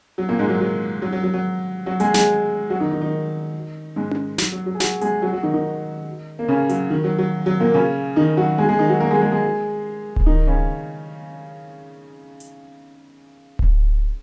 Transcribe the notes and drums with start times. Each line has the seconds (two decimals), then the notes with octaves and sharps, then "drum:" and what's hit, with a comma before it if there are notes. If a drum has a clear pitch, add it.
0.18 F#3
0.29 A#2 A#3
0.39 G#2 G#3
0.49 F#3
0.61 F#3
1.02 F#3
1.12 F#3
1.23 F#3
1.34 F#3
1.86 F#3 F#4
2.00 G#3 G#4, drum: hi-hat
2.14 G#3 G#4, drum: snare
2.70 F#3 F#4
2.80 D#3 D#4
2.91 D#3 D#4
3.01 D#3 D#4
3.96 G#2 G#3
4.11 drum: tom C#4
4.38 F#3, drum: snare
4.52 F#3
4.66 F#3
4.75 G#4
4.80 F#3 F#4, drum: snare
5.01 G#3 G#4, drum: hi-hat
5.22 F#3 F#4
5.33 F#3 F#4
5.43 D#3 D#4
5.54 D#3 D#4
6.39 A#3
6.48 C#3 C#4
6.69 F#3, drum: hi-hat
6.90 D#3
7.04 F#3
7.18 F#3
7.46 F#3
7.60 A#2 A#3
7.74 C#3 C#4
8.16 D#3 D#4
8.37 F#3 F#4
8.58 G#3 G#4
8.68 G#3 G#4
8.79 D#3 D#4
8.89 F#3 F#4
9.00 A#3 A#4
9.11 G#3 G#4
9.21 G#3 G#4
9.32 G#3 G#4
10.16 drum: kick D1
10.26 D#3 D#4
10.47 C#3 C#4
12.40 drum: hi-hat
13.59 drum: kick D1